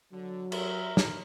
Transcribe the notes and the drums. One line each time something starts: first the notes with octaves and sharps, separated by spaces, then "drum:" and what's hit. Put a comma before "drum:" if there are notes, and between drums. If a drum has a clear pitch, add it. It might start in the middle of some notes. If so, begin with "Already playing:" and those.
D3 F#3
A#4 E5, drum: cymbal
drum: snare